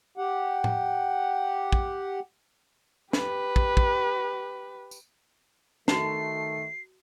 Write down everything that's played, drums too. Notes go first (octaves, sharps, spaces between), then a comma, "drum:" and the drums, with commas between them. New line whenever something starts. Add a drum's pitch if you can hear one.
G4 F#5
drum: tom
drum: kick
G4 B4, drum: snare
drum: kick
drum: kick
drum: tambourine
D#3 A3 F#4 A5 A#5 C7, drum: snare